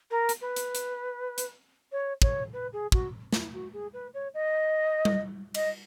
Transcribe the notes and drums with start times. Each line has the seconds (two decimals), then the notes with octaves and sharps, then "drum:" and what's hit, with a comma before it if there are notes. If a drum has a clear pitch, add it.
0.10 A#4
0.29 drum: hi-hat
0.41 B4
0.56 drum: hi-hat
0.75 drum: hi-hat
1.38 drum: hi-hat
1.91 C#5
2.22 C#5, drum: kick
2.52 B4
2.72 G#4
2.92 F#4, drum: kick
3.33 E4, drum: snare
3.53 F#4
3.73 G#4
3.93 B4
4.13 C#5
4.34 D#5
5.05 drum: tom G3
5.54 D#5, drum: cymbal